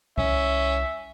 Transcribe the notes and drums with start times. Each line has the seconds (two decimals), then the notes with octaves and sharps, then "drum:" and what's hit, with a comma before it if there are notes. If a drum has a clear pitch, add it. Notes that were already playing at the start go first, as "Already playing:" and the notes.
0.18 C2 C#4 E5, drum: kick C#2